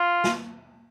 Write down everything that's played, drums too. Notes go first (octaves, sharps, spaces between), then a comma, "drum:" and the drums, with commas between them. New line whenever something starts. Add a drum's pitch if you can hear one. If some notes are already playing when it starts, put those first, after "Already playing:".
Already playing: F4
drum: snare